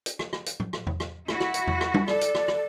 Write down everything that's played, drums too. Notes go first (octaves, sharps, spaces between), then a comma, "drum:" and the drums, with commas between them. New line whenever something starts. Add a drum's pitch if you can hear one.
drum: hi-hat
drum: rim click
drum: rim click
drum: hi-hat
drum: tom A2
drum: rim click
drum: tom E2
drum: rim click
E4 F#4, drum: rim click
drum: rim click
drum: hi-hat
drum: tom E2
drum: rim click
drum: tom
A4 D5, drum: rim click
drum: hi-hat
drum: rim click
drum: rim click